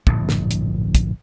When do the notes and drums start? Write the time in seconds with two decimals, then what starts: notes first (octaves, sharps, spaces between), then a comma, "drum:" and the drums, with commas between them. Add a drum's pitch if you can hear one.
0.07 D1 A#1 G2 A#2, drum: kick
0.29 drum: snare
0.51 drum: hi-hat
0.95 drum: kick, hi-hat